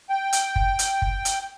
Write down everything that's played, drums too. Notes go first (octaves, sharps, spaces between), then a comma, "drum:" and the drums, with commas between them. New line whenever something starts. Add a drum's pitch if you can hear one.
G5
drum: hi-hat
drum: kick
drum: hi-hat
drum: kick
drum: hi-hat